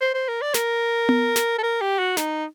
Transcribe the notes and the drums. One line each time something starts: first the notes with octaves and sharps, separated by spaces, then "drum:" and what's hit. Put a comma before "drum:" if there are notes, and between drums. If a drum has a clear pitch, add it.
C5
C5
A#4
D5
A#4, drum: snare
drum: tom B3
drum: snare
A4
A#4
G4
F#4
D#4, drum: snare